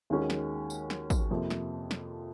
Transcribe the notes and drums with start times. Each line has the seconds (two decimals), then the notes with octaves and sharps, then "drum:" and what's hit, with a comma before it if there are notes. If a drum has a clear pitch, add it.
0.10 D#2 D#3 G#3 C#4 F#4
0.30 drum: snare
0.70 drum: tambourine
0.90 drum: snare
1.10 drum: kick, tambourine
1.30 F2 C3 F3 A#3
1.50 drum: snare
1.91 drum: snare